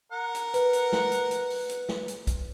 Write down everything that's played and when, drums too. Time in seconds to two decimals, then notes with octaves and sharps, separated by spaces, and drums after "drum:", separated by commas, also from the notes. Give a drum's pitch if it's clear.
0.12 A#4 F#5
0.35 drum: hi-hat
0.54 B4, drum: hi-hat
0.73 drum: hi-hat
0.92 drum: snare
1.12 drum: hi-hat
1.31 drum: hi-hat
1.50 drum: open hi-hat
1.69 drum: hi-hat
1.89 drum: snare
2.08 drum: hi-hat
2.27 drum: kick, hi-hat